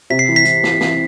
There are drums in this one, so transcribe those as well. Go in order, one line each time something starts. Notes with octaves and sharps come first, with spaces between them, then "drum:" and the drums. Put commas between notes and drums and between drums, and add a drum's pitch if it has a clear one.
C3 B6
C7
E3
B6
E3, drum: hi-hat
E3, drum: snare
E3, drum: snare